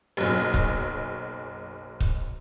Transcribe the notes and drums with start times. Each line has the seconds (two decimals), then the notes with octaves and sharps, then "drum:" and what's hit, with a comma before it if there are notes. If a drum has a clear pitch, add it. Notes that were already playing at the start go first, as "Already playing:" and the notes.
0.17 F#1 B1
0.54 drum: kick
2.00 drum: kick